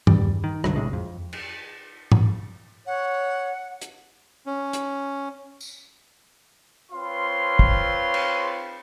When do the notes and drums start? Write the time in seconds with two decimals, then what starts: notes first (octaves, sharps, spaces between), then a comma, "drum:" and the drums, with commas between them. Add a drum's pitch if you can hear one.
0.07 E2 G3, drum: tom G2
0.44 D#3
0.64 C2 G2 D3 F#3, drum: rim click
0.76 A#1 A2 C3 G#3
0.93 F2
1.33 drum: cymbal
2.12 drum: tom G#2
2.86 C#5 F#5
3.82 drum: hi-hat
4.46 C#4
4.73 drum: hi-hat
5.61 drum: tambourine
6.92 C4 F4 B4 C#5 F5 C6
7.59 drum: kick
8.14 drum: cymbal